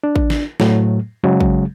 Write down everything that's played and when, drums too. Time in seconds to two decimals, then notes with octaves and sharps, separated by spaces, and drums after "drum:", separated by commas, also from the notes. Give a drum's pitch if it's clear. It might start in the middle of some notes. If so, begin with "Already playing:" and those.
0.04 D4
0.16 drum: kick
0.30 drum: snare
0.60 A2 F#3 A3, drum: snare
1.24 C#3 F#3 G#3
1.40 drum: kick